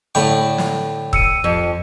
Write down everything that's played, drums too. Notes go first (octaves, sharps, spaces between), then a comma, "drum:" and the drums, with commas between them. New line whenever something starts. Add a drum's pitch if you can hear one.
A2 D3 G5 B5 C#6
drum: snare
E6 C#7 D#7, drum: kick
F2